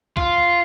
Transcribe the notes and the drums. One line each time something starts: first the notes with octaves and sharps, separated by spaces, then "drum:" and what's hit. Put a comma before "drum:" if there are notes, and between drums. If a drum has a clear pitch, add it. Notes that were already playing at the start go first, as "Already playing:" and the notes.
F4, drum: kick